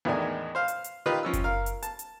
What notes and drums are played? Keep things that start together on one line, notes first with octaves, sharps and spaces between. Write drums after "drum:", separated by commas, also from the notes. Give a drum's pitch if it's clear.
E2 A2 D#3 G#3 D4 G#5
C5 F5
drum: hi-hat
drum: hi-hat
D#3 F4 G4 B4 D#5
F3 C#4 E6
drum: kick F#1, hi-hat
A#4 F5
drum: hi-hat
A5, drum: hi-hat
drum: hi-hat